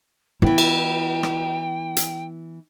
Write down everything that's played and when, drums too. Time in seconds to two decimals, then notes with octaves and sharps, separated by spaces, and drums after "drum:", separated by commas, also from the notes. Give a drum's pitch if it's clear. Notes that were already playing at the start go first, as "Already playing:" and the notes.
0.42 E3 B3 E4 G5
0.58 drum: cymbal
1.23 drum: rim click
1.97 drum: hi-hat